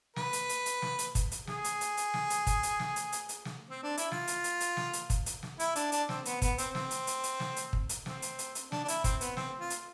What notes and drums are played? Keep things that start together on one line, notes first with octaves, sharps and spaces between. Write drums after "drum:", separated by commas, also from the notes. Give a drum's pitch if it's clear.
B4, drum: snare
drum: hi-hat
drum: hi-hat
drum: hi-hat
drum: snare
drum: hi-hat
drum: kick, hi-hat
drum: hi-hat
G#4, drum: snare
drum: hi-hat
drum: hi-hat
drum: hi-hat
drum: snare
drum: hi-hat
drum: kick, hi-hat
drum: hi-hat
drum: snare
drum: hi-hat
drum: hi-hat
drum: hi-hat
drum: snare
C4
D4
E4, drum: hi-hat
F4, drum: snare
drum: hi-hat
drum: hi-hat
drum: hi-hat
drum: snare
drum: hi-hat
drum: kick, hi-hat
drum: hi-hat
drum: snare
E4, drum: hi-hat
D4, drum: hi-hat
D4, drum: hi-hat
C4, drum: snare
B3, drum: hi-hat
B3, drum: kick, hi-hat
C4, drum: hi-hat
C4, drum: snare
drum: hi-hat
drum: hi-hat
drum: hi-hat
drum: snare
drum: hi-hat
drum: kick
drum: hi-hat
C4, drum: snare
drum: hi-hat
drum: hi-hat
drum: hi-hat
D4, drum: snare
D4
E4, drum: hi-hat
C4, drum: kick, hi-hat
B3, drum: hi-hat
C4, drum: snare
F4
drum: hi-hat